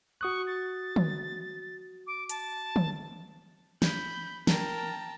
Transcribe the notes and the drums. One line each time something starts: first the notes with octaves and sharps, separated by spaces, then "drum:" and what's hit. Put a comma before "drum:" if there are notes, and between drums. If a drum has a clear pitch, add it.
F#4 C#6 D#6 F#6
A6
drum: tom
D6
A5, drum: hi-hat
drum: tom
B5 G6, drum: snare
A#4 G5 A5 A#5, drum: snare